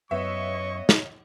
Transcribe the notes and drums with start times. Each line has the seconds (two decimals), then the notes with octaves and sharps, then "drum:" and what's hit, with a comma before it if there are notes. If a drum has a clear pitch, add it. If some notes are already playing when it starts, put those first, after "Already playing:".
0.11 F#2 B3 C#5 D#5 E5 C#6
0.89 drum: snare